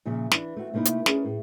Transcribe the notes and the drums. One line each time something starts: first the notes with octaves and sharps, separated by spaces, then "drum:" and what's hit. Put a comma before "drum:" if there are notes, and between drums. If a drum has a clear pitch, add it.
A#2 C#3 F3 E5
E3 D4, drum: snare
A3 C4 F#4
C3 A3 A#3 D#4 E4
drum: hi-hat
C#4 D4 G#4 A#4 B4, drum: snare
A2